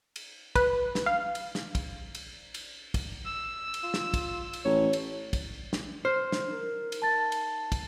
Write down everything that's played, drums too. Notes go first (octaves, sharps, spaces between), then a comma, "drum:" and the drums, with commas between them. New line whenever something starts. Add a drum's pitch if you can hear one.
drum: cymbal
B4, drum: kick, cymbal
drum: snare
F5
drum: cymbal
drum: snare
drum: kick, cymbal
drum: cymbal
drum: cymbal
drum: kick, cymbal
E6
drum: cymbal
F4
drum: snare
drum: kick, cymbal
drum: cymbal
A1 C#5
drum: cymbal
drum: kick, cymbal
drum: snare
C5 F6
drum: snare
D#4 A#4
drum: cymbal
A5 A6
drum: cymbal
drum: kick, cymbal